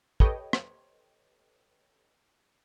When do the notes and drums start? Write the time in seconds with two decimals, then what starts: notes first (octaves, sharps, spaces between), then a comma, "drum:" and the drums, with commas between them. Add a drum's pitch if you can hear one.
0.20 G4 A4 B4 C#5 D#5 G5, drum: kick
0.53 drum: rim click